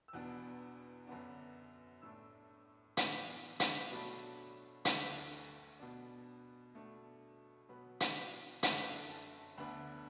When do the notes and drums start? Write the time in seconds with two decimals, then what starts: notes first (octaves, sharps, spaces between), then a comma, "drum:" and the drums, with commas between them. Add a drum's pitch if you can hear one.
0.08 E6
0.13 E2 B2 B3 D4 F#6
1.07 F#2 D3 B3 D4
2.02 A2 A3 D4 E6
2.97 A2 E3 B3 D4, drum: hi-hat
3.60 drum: hi-hat
3.91 B2 F#3 A3 D4 B5
4.85 D2 D3 A3, drum: hi-hat
5.79 B2 B3 D4
6.75 B2 A3 D4
7.69 B2 F#3 B3 B5
8.00 drum: hi-hat
8.63 F#2 D3 A3 D4 F#5, drum: hi-hat
9.10 A5
9.58 D2 D3 B3 D4 B5